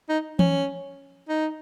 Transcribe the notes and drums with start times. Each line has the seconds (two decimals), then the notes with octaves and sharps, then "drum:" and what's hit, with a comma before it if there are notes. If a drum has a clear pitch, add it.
0.09 D#4
0.39 C#4, drum: tom E3
1.29 D#4